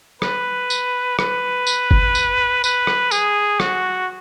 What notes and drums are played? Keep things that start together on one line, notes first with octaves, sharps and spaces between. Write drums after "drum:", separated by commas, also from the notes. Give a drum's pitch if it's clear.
B4, drum: rim click
drum: tambourine
B4, drum: rim click
drum: tambourine
drum: kick
drum: tambourine
B4, drum: tambourine
drum: rim click
G#4, drum: tambourine
F#4, drum: rim click